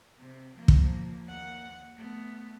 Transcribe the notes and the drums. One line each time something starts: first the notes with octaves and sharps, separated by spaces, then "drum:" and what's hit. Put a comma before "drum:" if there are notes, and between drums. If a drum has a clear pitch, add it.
C3
F3 A#3
drum: kick
D#2 F#5
A3 B3